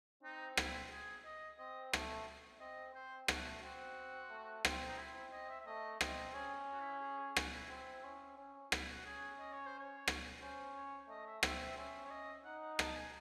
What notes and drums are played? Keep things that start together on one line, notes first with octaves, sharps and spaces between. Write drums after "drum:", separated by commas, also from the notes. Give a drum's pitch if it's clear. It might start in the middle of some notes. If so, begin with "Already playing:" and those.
C4 D#4
E4, drum: rim click
G#4
D#5
C4 D#5
A3, drum: rim click
C4 D#5
C4 C5
A3 F#4, drum: rim click
C4 F#4
A3
C4, drum: rim click
D#4
C4 E4
E4
D#5
E5
E5
A3 D#5
C4 D#5, drum: rim click
C#4 G#4
F#4
E4
G#4
G#4
F#4, drum: rim click
E4
C4
C#4
C#4
E4, drum: rim click
F#4
C#4 G#4
D#5
C#5
C5
C#5
drum: rim click
C#4 C5
C#5
A3 D#5
E5
C4 E5, drum: rim click
E5
C#4 E5
C#5
D#5
D#4 F#5
F#5
A5, drum: rim click
G#5